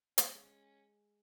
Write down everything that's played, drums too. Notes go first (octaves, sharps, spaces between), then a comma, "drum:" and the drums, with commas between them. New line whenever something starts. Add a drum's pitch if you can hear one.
G#3 C#4, drum: hi-hat